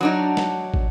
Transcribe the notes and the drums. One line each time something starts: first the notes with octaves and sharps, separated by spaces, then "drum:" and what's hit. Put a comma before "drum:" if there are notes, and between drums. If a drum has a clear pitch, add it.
F#3 D4 D#4
drum: snare
drum: kick